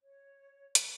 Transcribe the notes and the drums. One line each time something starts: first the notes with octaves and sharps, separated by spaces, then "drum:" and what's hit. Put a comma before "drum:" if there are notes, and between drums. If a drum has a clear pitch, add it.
C#5
drum: hi-hat